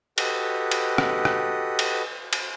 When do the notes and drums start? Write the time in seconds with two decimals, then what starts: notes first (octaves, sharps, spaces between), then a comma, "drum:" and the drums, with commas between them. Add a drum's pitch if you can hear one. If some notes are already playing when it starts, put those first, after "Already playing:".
0.18 F#4 G4 A4 B4 D#5, drum: cymbal
0.71 drum: cymbal
0.98 drum: rim click
1.25 drum: rim click
1.79 drum: cymbal
2.33 drum: cymbal